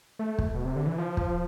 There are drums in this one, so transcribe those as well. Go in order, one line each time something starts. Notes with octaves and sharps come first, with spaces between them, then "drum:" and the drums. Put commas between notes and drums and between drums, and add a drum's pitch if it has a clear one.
A3
drum: kick
B2
C3
D3
E3
F3
drum: kick